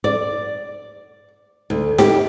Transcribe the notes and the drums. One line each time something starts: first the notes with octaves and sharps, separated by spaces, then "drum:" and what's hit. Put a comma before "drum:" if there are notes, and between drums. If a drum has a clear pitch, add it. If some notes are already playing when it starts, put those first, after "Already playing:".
D5
D2
G4, drum: snare D#4